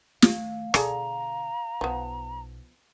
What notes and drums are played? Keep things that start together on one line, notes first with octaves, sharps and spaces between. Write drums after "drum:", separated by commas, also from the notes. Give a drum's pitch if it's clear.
D#3 A3 F5, drum: snare
B2 D3 G#4 A4 D5 A#5, drum: rim click
B1 F3 B3